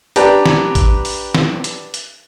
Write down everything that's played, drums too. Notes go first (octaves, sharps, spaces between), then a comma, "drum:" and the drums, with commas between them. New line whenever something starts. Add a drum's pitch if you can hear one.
D4 G4 B4 D5 G5 A#5, drum: hi-hat
drum: snare
drum: kick, hi-hat
drum: open hi-hat
drum: snare
drum: hi-hat
drum: hi-hat